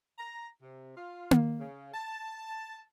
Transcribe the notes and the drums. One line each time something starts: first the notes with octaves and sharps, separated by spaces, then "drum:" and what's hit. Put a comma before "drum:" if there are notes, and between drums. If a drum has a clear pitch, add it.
A#5
C3
F4
drum: tom A#3
C#3
A5